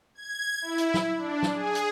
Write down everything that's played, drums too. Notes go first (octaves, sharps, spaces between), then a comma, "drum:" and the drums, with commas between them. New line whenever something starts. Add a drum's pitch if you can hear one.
G#6
E4
drum: hi-hat
drum: snare
D4
drum: snare
G#4
drum: hi-hat